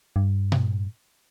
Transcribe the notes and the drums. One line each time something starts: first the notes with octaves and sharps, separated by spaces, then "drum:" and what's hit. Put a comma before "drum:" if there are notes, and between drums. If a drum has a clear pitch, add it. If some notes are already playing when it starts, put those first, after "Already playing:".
G2
drum: tom A#2